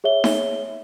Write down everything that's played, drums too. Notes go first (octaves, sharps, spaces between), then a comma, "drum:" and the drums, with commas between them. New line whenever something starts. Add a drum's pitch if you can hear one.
G#4 C#5 E5 G7
drum: snare D#4